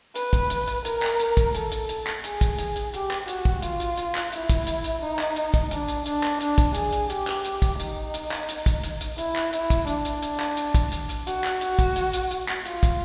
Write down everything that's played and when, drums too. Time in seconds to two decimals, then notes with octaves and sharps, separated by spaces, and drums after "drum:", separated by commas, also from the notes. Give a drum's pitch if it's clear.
0.16 B4, drum: hi-hat
0.33 drum: kick, hi-hat
0.50 drum: hi-hat
0.68 drum: hi-hat
0.85 A#4, drum: hi-hat
1.02 drum: clap
1.20 drum: hi-hat
1.37 drum: kick, hi-hat
1.55 A4, drum: hi-hat
1.72 drum: hi-hat
1.89 drum: hi-hat
2.06 drum: clap
2.24 G#4, drum: hi-hat
2.41 drum: kick, hi-hat
2.59 drum: hi-hat
2.76 drum: hi-hat
2.94 G4, drum: hi-hat
3.11 drum: clap
3.28 F#4, drum: hi-hat
3.45 drum: kick
3.63 F4, drum: hi-hat
3.80 drum: hi-hat
3.97 drum: hi-hat
4.15 drum: clap
4.33 E4, drum: hi-hat
4.50 drum: kick, hi-hat
4.67 drum: hi-hat
4.84 drum: hi-hat
5.01 D#4
5.19 drum: clap
5.36 drum: hi-hat
5.54 drum: kick, hi-hat
5.71 D4, drum: hi-hat
5.88 drum: hi-hat
6.06 D4, drum: hi-hat
6.23 drum: clap
6.41 D4, drum: hi-hat
6.58 drum: kick, hi-hat
6.75 G#4, drum: hi-hat
6.93 drum: hi-hat
7.10 G4, drum: hi-hat
7.27 drum: clap
7.45 drum: hi-hat
7.62 drum: kick, hi-hat
7.80 D#4, drum: hi-hat
8.14 drum: hi-hat
8.31 drum: clap
8.49 drum: hi-hat
8.66 drum: kick, hi-hat
8.84 drum: hi-hat
9.01 drum: hi-hat
9.18 E4, drum: hi-hat
9.36 drum: clap
9.53 E4, drum: hi-hat
9.70 drum: kick, hi-hat
9.87 D4, drum: hi-hat
10.05 drum: hi-hat
10.22 drum: hi-hat
10.40 drum: clap
10.57 drum: hi-hat
10.75 drum: kick, hi-hat
10.92 drum: hi-hat
11.09 drum: hi-hat
11.27 F#4, drum: hi-hat
11.44 drum: clap
11.61 drum: hi-hat
11.79 drum: kick, hi-hat
11.96 drum: hi-hat
12.13 drum: hi-hat
12.31 drum: hi-hat
12.48 drum: clap
12.65 F4, drum: hi-hat
12.83 drum: kick, hi-hat